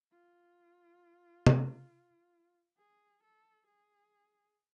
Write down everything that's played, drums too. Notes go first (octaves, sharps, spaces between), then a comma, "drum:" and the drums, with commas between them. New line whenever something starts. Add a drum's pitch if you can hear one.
F4
drum: tom C3
G#4
A4
G#4